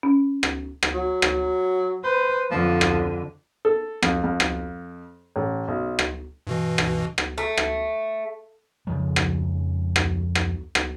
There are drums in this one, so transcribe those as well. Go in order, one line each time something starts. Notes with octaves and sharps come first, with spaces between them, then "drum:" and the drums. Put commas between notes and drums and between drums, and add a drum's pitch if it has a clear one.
C#4
drum: rim click
drum: rim click
F#3
drum: rim click
B4 C5
F2 D3 F3
drum: rim click
A4
F2, drum: rim click
F2
drum: rim click
A1
B1
drum: rim click
G2 B2 E3
drum: rim click
drum: rim click
A3
drum: rim click
F2 C#3 F3 G#3
drum: rim click
drum: rim click
drum: rim click
drum: rim click